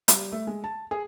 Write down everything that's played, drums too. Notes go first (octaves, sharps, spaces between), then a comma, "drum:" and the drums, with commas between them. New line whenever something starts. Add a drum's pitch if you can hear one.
G3, drum: hi-hat
A3
G#3
A5
G#4